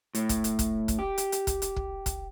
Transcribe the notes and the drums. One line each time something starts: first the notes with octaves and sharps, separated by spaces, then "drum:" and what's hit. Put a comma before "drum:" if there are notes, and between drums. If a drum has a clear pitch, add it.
A2, drum: hi-hat
drum: kick, hi-hat
drum: hi-hat
drum: kick, hi-hat
drum: kick, hi-hat
G4
drum: hi-hat
drum: hi-hat
drum: kick, hi-hat
drum: hi-hat
drum: kick
drum: kick, hi-hat